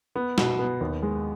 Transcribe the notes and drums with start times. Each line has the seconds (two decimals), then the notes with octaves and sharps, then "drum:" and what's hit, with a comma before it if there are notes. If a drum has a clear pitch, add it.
0.16 B3
0.38 B2, drum: snare
0.59 B3
0.81 D#2
1.02 G#3